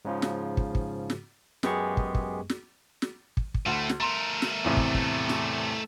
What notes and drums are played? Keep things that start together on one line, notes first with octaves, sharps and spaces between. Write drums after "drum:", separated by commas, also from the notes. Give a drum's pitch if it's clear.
G#2 C#3 F3
drum: snare
drum: kick
drum: kick
drum: snare
F#2 G#3 B3 G4 G#4 C#6, drum: snare
drum: kick
drum: kick
drum: snare
drum: snare
drum: kick
drum: kick
D2 A2 A3
drum: snare
A3 A#4 A#5 C6
drum: snare
E2 A2 C3
drum: kick
drum: kick
drum: snare